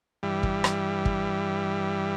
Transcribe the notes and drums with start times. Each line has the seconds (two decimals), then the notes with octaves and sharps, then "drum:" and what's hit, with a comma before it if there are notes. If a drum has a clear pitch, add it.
0.23 G2 E3 G3
0.43 drum: kick
0.64 drum: rim click
1.05 drum: kick